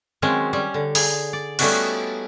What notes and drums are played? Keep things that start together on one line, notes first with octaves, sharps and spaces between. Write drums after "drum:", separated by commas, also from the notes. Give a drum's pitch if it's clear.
D#3 F#3 G#3 C4 C#4
G3 C#4
D3
G#4, drum: open hi-hat
D5
G3 A3 B3 C#4 D#4 F#4, drum: cymbal